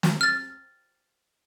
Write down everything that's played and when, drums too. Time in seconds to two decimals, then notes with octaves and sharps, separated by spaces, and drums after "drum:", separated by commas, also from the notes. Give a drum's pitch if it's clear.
0.03 drum: snare
0.21 F6 A6